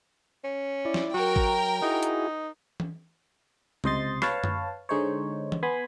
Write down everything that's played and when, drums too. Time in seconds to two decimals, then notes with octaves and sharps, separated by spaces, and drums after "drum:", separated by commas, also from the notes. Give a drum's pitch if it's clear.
0.44 C#4
0.85 E4 D5
0.94 drum: snare
1.14 F#3 F#4 A#4 G5
1.36 drum: kick A1
1.82 D#4 E4 F#4 G#4
2.03 drum: hi-hat
2.80 drum: tom E3
3.84 C#2 C3 C5 D#5 C6 A6, drum: tom G3
4.22 B4 C#5 F5 A5, drum: rim click
4.44 drum: tom F#2
4.89 D3 G#3 D#4 C5 C#5
5.52 drum: tom E3
5.63 B3 G#5 B5 C6